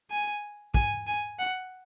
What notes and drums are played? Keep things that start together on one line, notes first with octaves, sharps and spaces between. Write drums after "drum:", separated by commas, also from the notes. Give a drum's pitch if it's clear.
G#5
G#5, drum: kick
G#5
F#5